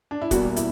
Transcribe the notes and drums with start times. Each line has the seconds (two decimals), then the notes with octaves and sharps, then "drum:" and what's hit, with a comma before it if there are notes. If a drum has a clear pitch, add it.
0.11 D4
0.22 E4
0.31 E1 E2 B2 G3 A#3 F#4, drum: kick, hi-hat
0.56 E4, drum: hi-hat